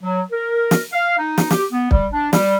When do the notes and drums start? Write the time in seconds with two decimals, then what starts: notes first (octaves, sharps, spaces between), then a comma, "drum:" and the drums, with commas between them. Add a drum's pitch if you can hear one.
0.02 F#3
0.31 A#4
0.71 drum: snare
0.93 F5
1.18 D#4
1.38 drum: snare
1.50 G4, drum: snare
1.72 B3
1.91 G3, drum: kick
2.12 D4
2.33 G3, drum: snare